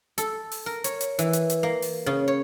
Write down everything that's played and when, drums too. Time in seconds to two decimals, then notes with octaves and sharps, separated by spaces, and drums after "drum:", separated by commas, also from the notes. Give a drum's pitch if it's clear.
0.18 A4, drum: hi-hat
0.52 drum: open hi-hat
0.66 A#4
0.84 C#5, drum: hi-hat
1.01 drum: hi-hat
1.19 E3, drum: hi-hat
1.33 drum: hi-hat
1.50 drum: hi-hat
1.63 A#3
1.82 drum: open hi-hat
2.06 C#3
2.28 C#5